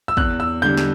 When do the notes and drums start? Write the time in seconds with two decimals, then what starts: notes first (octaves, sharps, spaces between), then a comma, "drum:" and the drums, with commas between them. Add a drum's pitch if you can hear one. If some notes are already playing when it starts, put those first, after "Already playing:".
0.08 E6
0.17 E2 F#6, drum: kick
0.40 E6
0.62 D3 G3 G6
0.77 drum: snare